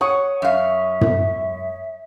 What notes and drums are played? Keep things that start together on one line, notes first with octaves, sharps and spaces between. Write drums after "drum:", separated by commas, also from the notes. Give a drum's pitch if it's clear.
C#5 F#5 C#6 D#6
F#2 E5 F5
drum: tom